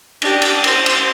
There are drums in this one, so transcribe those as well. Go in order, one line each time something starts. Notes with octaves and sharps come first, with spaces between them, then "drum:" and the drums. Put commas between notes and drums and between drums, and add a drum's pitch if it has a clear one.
D4 G4, drum: cymbal
drum: cymbal
C5, drum: cymbal
drum: cymbal